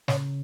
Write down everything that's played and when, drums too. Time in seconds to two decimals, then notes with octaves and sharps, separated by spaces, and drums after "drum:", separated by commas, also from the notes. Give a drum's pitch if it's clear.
0.08 C#3 C#5, drum: snare